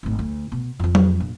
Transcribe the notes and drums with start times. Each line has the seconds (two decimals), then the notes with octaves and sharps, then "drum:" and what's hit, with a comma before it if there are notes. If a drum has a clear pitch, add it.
0.03 G#1 A2
0.19 D2
0.52 B2
0.80 F2 F3
0.95 drum: tom F#3
1.20 A#1